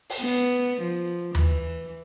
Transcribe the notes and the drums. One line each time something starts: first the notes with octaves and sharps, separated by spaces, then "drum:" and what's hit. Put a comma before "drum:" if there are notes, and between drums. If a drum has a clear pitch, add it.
drum: open hi-hat
B3
F3
E3, drum: tom D#2